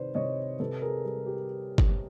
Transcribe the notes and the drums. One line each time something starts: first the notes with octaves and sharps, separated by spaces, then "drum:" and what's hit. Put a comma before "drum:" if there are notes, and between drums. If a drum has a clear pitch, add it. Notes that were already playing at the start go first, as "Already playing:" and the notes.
Already playing: C3 D#3 B4 C5 D5
C3 C#5 D#5
C3 A4 B4
G#4 A#4
G3
G4
drum: kick G1